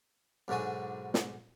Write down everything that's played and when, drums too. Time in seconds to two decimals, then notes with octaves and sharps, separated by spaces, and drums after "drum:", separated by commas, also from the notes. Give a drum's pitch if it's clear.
0.48 B1 G#2 D3 F#4 G#5
1.14 drum: snare